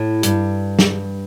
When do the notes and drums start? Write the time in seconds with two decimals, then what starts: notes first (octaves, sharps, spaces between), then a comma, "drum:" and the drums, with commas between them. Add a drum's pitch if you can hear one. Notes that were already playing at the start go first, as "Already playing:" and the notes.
Already playing: A2
0.23 G2, drum: hi-hat
0.79 drum: snare